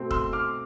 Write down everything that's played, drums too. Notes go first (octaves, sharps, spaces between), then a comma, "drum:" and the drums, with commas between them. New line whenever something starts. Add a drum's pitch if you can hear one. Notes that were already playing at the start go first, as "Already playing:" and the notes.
Already playing: B2 A3 C4
C6 E6, drum: kick
D6 F6